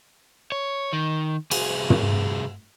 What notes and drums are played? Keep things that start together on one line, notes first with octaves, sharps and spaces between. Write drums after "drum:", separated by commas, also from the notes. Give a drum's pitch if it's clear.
C#5
D#3
C2 G#4, drum: cymbal
drum: tom